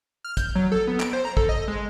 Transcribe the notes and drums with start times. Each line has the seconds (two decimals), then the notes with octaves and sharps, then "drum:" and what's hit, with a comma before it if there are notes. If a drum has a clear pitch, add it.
0.25 F6
0.37 G6, drum: kick, hi-hat
0.55 F#3
0.72 A4
0.87 B3
1.00 D7, drum: clap
1.13 C5
1.25 A#5
1.37 A4, drum: kick
1.49 D#5
1.68 G#3